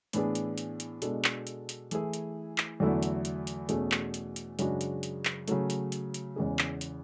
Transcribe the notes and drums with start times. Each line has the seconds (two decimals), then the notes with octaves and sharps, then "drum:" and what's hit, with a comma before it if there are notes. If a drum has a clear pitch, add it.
0.13 A2 E3 B3 D4 G#4, drum: hi-hat
0.35 drum: hi-hat
0.58 drum: hi-hat
0.80 drum: hi-hat
1.02 B2 G#3 D4 A4, drum: hi-hat
1.24 drum: clap
1.47 drum: hi-hat
1.69 drum: hi-hat
1.91 E3 A3 E4 G#4, drum: hi-hat
2.13 drum: hi-hat
2.58 drum: clap
2.80 E2 D3 F#3 A3 E4
3.03 drum: hi-hat
3.25 drum: hi-hat
3.47 drum: hi-hat
3.69 E2 B2 A3 C#4 G#4, drum: hi-hat
3.92 drum: clap
4.14 drum: hi-hat
4.36 drum: hi-hat
4.59 F#2 C#3 G#3 D4 F#4, drum: hi-hat
4.81 drum: hi-hat
5.03 drum: hi-hat
5.25 drum: clap
5.48 C#3 F#3 A3, drum: hi-hat
5.70 drum: hi-hat
5.92 drum: hi-hat
6.14 drum: hi-hat
6.36 E2 C#3 G#3 C#4 G#4
6.59 drum: clap
6.81 drum: hi-hat